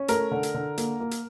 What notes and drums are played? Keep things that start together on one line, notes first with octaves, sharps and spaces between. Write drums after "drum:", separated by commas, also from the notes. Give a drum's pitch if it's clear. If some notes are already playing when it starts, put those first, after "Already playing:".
Already playing: C#4
A3 A#4, drum: hi-hat
D3
drum: hi-hat
D3
A#3, drum: hi-hat
A#3
drum: hi-hat